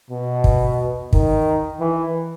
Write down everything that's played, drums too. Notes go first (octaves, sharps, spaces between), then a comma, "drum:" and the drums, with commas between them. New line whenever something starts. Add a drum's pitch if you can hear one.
B2
drum: kick
D#3, drum: kick
E3